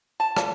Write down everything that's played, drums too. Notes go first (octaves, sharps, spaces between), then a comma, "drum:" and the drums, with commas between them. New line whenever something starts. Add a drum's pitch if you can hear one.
A5
drum: rim click